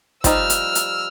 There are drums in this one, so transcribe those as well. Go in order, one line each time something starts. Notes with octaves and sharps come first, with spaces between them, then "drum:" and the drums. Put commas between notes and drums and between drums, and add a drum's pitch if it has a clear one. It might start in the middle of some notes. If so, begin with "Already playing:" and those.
F3 G3 D#4 E6 F6, drum: kick, hi-hat
drum: hi-hat
drum: hi-hat